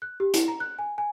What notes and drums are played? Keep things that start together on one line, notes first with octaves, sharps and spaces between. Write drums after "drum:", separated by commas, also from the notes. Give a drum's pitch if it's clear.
F#6
G4
E4, drum: hi-hat
A#5
F#6
G#5
G#5